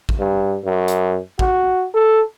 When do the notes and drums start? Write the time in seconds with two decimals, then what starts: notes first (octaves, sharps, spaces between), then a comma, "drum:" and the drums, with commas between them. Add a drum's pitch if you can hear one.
0.09 drum: kick A1
0.19 G2
0.65 F#2
0.88 drum: hi-hat
1.39 F#4, drum: kick A1
1.94 A4